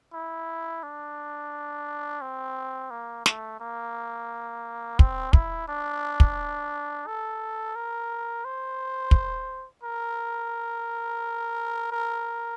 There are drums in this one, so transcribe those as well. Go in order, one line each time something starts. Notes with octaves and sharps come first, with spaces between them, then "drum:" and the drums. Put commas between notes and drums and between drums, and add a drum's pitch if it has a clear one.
E4
D4
C4
A#3
A3, drum: snare
A#3
C4, drum: kick
E4, drum: kick
D4
drum: kick
A4
A#4
C5
drum: kick
A#4
A#4